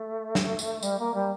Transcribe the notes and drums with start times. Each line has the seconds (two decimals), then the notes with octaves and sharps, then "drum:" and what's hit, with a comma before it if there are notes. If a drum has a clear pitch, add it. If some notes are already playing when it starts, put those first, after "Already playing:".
Already playing: A3
0.35 drum: snare
0.59 drum: tambourine
0.83 G3, drum: tambourine
0.99 A#3
1.14 G3